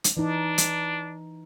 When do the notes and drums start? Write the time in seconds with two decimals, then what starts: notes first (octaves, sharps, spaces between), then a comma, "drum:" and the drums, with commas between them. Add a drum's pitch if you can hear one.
0.04 drum: hi-hat
0.17 E3 D4 D#4
0.58 drum: hi-hat